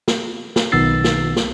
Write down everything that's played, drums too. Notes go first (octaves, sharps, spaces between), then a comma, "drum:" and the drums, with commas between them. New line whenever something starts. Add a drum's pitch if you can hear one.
drum: snare
drum: snare
B1 D#3 B3 E6 A6 C7
drum: snare
drum: snare